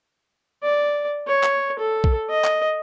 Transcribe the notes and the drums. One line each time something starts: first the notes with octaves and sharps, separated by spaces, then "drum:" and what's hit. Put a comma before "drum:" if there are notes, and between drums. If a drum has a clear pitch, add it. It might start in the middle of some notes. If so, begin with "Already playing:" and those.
D5
C#5
drum: clap
A4
drum: kick
D#5
drum: clap